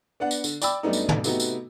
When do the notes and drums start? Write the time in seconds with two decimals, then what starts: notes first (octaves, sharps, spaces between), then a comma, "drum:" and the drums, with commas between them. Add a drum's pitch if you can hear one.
0.20 B3 D4 F#5
0.31 drum: tambourine
0.44 D3, drum: tambourine
0.62 D5 G5 B5 D6 E6, drum: tambourine
0.83 F#2 G3 A3 B3 D4 D#4
0.93 drum: tambourine
1.09 drum: tom
1.24 C3 A3 B3 D#4 F#4, drum: tambourine
1.40 drum: tambourine